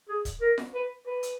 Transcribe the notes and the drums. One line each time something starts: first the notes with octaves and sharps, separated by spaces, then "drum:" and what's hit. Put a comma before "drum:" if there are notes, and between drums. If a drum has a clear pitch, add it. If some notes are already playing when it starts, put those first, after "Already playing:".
G#4
drum: kick, hi-hat
A#4
drum: snare F4
B4
B4
drum: hi-hat